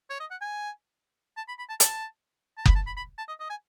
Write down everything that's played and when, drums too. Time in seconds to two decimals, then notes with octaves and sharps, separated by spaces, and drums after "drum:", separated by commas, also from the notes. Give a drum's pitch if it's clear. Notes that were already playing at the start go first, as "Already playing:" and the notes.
0.10 C#5
0.20 D#5
0.31 F#5
0.41 G#5
1.37 A5
1.48 B5
1.58 B5
1.69 A5
1.80 A5, drum: hi-hat
2.58 A5
2.66 B5, drum: kick F#1
2.75 A5
2.87 B5
2.97 B5
3.18 A5
3.28 D#5
3.40 D#5
3.50 G#5